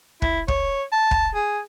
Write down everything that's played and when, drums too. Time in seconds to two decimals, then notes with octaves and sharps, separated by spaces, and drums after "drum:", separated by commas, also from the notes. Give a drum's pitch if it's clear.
0.22 E4, drum: kick
0.48 C#5, drum: kick
0.92 A5
1.11 drum: kick
1.35 G#4